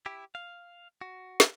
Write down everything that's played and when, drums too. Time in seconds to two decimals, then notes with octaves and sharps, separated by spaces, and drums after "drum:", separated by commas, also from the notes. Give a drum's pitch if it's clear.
0.06 E4 G4
0.35 F5
1.01 F#4
1.40 drum: snare